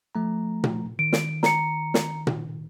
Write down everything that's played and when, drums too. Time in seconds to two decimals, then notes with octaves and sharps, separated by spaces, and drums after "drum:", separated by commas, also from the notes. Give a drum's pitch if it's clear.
0.15 F3 A3 A#5
0.64 drum: tom A#2
0.99 D#3 D7
1.13 drum: snare
1.43 A#5 C#7, drum: snare
1.94 drum: snare
2.27 drum: tom A#2